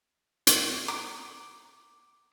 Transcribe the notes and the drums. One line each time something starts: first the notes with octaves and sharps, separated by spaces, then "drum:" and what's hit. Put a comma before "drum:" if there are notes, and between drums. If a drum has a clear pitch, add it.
drum: hi-hat
D6